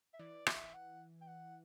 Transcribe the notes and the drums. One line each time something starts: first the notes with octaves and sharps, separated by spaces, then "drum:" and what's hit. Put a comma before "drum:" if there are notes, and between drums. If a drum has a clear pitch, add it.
E5
E3 D5
E5, drum: rim click
F#5
G5
F#5